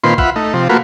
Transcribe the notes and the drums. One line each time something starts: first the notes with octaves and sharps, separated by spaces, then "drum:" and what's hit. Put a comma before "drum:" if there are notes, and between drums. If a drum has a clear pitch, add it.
A#2 D#3 C4 F4 B4 C6
F4 E5 F#5 B5, drum: kick A#1
A3 D#4
C3 F3
A3 A#3 F4 F#4 B4